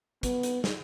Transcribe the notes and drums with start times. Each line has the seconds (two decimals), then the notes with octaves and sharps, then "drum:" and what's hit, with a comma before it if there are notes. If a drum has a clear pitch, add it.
0.23 B3, drum: kick, hi-hat
0.43 drum: hi-hat
0.64 drum: snare